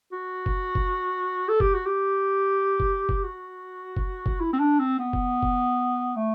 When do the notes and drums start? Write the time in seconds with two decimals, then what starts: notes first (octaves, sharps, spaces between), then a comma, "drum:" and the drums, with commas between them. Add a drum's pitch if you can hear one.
0.13 F#4
0.46 drum: kick F#1
0.75 drum: kick F#1
1.48 A4
1.60 G4, drum: kick F#1
1.74 F#4
1.86 G4
2.80 drum: kick F#1
3.09 drum: kick F#1
3.23 F#4
3.97 drum: kick F#1
4.26 drum: kick F#1
4.41 E4
4.53 C4
4.59 D4
4.79 C4
4.99 B3
5.13 drum: kick F#1
5.43 drum: kick F#1
6.16 A3